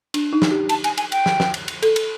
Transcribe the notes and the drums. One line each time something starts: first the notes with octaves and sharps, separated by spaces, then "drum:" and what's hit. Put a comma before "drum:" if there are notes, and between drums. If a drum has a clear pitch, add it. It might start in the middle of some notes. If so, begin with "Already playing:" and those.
D4, drum: cymbal
D#4
drum: snare
G4
A5, drum: cymbal
G#5, drum: cymbal
G#5, drum: cymbal
G5, drum: cymbal
drum: snare
drum: snare
drum: cymbal
drum: cymbal
A4, drum: cymbal
drum: cymbal